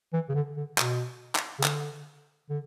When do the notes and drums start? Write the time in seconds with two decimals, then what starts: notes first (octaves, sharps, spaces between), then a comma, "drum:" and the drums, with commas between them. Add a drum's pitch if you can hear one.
0.13 E3
0.29 C#3
0.35 D3
0.57 D3
0.78 B2, drum: clap
1.35 drum: clap
1.59 C#3
1.63 D3, drum: clap
2.50 D3